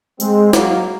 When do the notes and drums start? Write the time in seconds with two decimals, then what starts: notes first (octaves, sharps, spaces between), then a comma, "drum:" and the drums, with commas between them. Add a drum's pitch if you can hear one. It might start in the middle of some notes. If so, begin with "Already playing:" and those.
0.20 G#3 C4, drum: tambourine
0.53 F#3 A#3, drum: snare